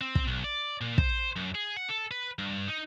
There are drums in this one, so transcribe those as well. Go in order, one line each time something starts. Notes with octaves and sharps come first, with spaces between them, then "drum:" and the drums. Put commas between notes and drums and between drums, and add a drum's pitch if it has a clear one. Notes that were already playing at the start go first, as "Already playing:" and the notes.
C4
drum: kick
B1
D5
A#2
C5, drum: kick
F#2
G#4
F#5
A4
B4
G2
D#4